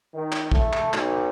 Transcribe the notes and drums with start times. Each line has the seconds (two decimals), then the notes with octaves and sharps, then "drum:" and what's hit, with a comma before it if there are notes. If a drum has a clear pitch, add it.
0.14 D#3
0.32 drum: clap
0.52 A3, drum: kick
0.73 drum: clap
0.93 B1, drum: clap